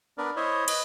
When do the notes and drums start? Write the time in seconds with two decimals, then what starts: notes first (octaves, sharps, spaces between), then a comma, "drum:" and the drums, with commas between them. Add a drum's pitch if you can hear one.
0.18 B3 D4 A#4 B4 D5
0.36 E4 C5 C#5 D#5 E5
0.68 B4 D#5, drum: cymbal